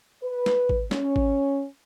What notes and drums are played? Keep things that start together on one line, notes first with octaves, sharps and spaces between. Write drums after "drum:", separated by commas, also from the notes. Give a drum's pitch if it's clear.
B4
drum: snare
drum: kick G#1
C#4, drum: snare
drum: kick G#1